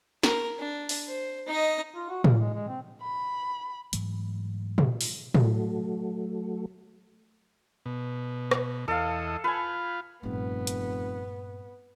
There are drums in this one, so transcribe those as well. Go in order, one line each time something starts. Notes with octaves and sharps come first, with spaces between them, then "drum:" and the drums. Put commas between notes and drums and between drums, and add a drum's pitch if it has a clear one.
A#4, drum: snare
D4
drum: open hi-hat
C5
D#4 D#5
F4
F#4
A#3, drum: tom A2
G#3
G#3
C4
B5
G#2 E3 F#3 A3, drum: hi-hat
drum: tom
drum: open hi-hat
F#3 A3, drum: tom A2
B2
drum: rim click
E2 A4 D#5 F5
F4 B4 G#5
F1 G2 A#2 B3
drum: hi-hat